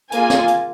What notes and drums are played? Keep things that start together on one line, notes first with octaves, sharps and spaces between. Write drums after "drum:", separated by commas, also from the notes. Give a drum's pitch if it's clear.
A#3 F4 G#4 G#5, drum: hi-hat
drum: snare
drum: hi-hat